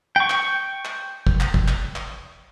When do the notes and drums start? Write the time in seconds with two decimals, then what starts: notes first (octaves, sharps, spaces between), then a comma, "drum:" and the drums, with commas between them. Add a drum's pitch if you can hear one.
0.16 G5 C#6
0.30 drum: clap
0.85 drum: clap
1.27 drum: kick
1.40 drum: clap
1.54 drum: kick
1.68 drum: clap
1.96 drum: clap